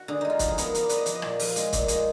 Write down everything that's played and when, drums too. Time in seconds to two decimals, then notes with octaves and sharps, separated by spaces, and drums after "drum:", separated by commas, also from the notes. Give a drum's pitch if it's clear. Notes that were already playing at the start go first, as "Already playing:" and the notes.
Already playing: F#4
0.08 D3 G#4
0.21 G#3 D#4
0.30 F4
0.39 F3 F#4, drum: kick C#1, hi-hat
0.48 G#4
0.58 B3 A#4, drum: hi-hat
0.75 B3, drum: hi-hat
0.83 D5
0.89 B3 B4, drum: hi-hat
0.98 D#5
1.06 F3 D5, drum: hi-hat
1.15 D#5
1.22 A#2 D5, drum: rim click
1.39 F3, drum: open hi-hat
1.56 G#3, drum: hi-hat
1.73 A#2, drum: kick C#1, hi-hat
1.88 G#3, drum: hi-hat